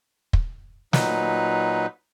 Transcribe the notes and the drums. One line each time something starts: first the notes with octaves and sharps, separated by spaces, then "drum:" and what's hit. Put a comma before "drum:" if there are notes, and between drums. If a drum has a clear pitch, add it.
drum: kick
A#2 F#3 D#4 B4, drum: snare